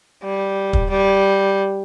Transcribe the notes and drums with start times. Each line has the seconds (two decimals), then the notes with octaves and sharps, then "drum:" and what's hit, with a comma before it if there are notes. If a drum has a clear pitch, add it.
0.23 G3
0.73 drum: kick
0.90 G3